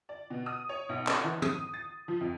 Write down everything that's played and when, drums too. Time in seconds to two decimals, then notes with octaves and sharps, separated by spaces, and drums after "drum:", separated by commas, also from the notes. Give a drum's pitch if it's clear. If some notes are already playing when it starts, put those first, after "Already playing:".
0.09 D5
0.30 B2
0.46 D#6
0.69 C#5
0.89 B1
1.07 C#4, drum: clap
1.24 E3
1.42 D#6, drum: tom
1.74 A6
2.08 F3
2.21 F2